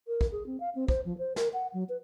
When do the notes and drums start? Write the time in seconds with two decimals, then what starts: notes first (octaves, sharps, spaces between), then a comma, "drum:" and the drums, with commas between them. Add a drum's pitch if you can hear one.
0.08 A#4
0.21 drum: kick
0.32 G#4
0.46 C4
0.60 F5
0.75 C4
0.88 C5, drum: kick
1.05 F3
1.18 C5
1.36 A#4, drum: snare
1.53 F#5
1.74 F#3
1.89 B4